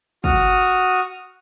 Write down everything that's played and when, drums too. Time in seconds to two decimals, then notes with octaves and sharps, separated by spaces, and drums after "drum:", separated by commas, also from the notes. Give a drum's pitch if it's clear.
0.24 F#4 D#6 F6, drum: kick